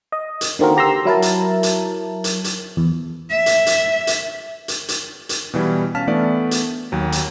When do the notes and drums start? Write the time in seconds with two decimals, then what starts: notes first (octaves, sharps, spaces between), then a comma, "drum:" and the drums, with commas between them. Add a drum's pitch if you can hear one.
0.12 D#5
0.41 drum: hi-hat
0.59 D3 D#3 A#3 C4 F#4 A#4
0.77 G4 A#5 C6 E6
1.05 F#3 E4 A#4 A5
1.22 drum: hi-hat
1.63 drum: hi-hat
2.24 drum: hi-hat
2.44 drum: hi-hat
2.77 E2
3.31 E5
3.46 drum: hi-hat
3.66 drum: hi-hat
4.07 drum: hi-hat
4.68 drum: hi-hat
4.89 drum: hi-hat
5.29 drum: hi-hat
5.54 B2 E3 G3
5.95 C#4 F5 A5 F6 B6 E7
6.07 E3 A3 B3 D4 D5
6.51 drum: hi-hat
6.92 D#2 F#3
7.12 drum: hi-hat